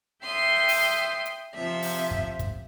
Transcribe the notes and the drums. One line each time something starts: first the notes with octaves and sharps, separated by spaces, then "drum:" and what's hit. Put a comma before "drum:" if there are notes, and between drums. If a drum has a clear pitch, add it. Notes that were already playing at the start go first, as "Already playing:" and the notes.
E5 G5 C6 D#6
drum: open hi-hat
drum: hi-hat
C3 F3 E5
drum: open hi-hat
drum: kick
drum: kick, hi-hat